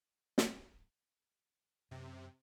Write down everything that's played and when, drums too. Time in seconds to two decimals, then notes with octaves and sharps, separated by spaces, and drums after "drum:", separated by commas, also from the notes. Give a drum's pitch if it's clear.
0.38 drum: snare
1.91 F#2 C3